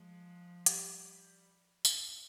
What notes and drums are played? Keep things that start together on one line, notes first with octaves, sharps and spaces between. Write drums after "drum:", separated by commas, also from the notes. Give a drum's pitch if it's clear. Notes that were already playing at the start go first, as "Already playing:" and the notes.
Already playing: F3 G#3
G3 G4, drum: hi-hat
drum: tambourine